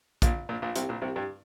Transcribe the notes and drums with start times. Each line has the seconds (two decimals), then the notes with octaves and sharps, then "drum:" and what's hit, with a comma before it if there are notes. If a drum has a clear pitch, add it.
0.22 A#1 A#2, drum: kick, hi-hat
0.49 A#1 A#2
0.62 A#1 A#2
0.76 C2 C3, drum: hi-hat
0.89 A#1 A#2
1.02 C2 C3
1.16 G2 G3